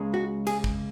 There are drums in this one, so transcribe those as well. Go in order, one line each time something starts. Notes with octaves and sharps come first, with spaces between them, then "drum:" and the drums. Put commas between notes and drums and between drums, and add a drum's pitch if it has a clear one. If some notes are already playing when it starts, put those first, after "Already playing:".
Already playing: C#2 C#3 G#3
F#4
G#4, drum: cymbal
drum: kick